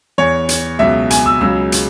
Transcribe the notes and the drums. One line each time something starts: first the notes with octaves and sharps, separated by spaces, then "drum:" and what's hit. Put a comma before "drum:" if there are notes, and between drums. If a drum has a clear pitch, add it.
E2 E3 C#5
drum: hi-hat
C#2 B2 F#3 E5
G#5, drum: hi-hat
E6
C#2 C#3 F#3 E6
drum: hi-hat